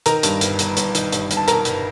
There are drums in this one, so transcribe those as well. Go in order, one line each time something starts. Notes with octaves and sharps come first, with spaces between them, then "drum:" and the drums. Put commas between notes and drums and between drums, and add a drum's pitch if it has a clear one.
D#3 A#4 A#5, drum: hi-hat
G2, drum: hi-hat
G1, drum: hi-hat
G1, drum: hi-hat
G1, drum: hi-hat
D#3, drum: hi-hat
G2, drum: hi-hat
G1, drum: hi-hat
A5
G1 A#4 A#5, drum: hi-hat
G1, drum: hi-hat